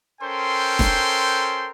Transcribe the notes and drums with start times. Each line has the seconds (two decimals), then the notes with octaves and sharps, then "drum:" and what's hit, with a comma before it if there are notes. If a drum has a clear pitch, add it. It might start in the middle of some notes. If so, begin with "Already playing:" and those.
0.21 C#4 A4 A#4 C5 G5 C6
0.79 drum: snare E1